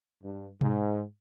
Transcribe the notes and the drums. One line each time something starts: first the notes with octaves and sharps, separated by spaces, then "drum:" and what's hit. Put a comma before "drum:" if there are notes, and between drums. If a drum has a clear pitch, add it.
G2
G#2, drum: tom B2